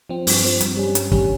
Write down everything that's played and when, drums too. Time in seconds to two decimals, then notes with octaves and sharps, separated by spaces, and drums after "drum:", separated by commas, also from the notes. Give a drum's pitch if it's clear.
0.09 F3 C4
0.27 G2, drum: open hi-hat
0.44 F3 C4
0.61 G2, drum: hi-hat
0.77 G3 C#4
0.95 G2, drum: hi-hat
1.12 G3 C#4, drum: kick